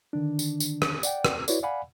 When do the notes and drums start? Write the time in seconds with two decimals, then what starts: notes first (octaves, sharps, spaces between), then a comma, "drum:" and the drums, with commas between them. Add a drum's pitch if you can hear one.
0.13 D3 D#3 D4
0.39 drum: tambourine
0.60 drum: tambourine
0.82 drum: rim click
1.03 D5 F#5 G5, drum: tambourine
1.25 drum: rim click
1.48 E4 F#4 B4 C#5 D5, drum: tambourine
1.63 D5 F5 F#5 G#5 B5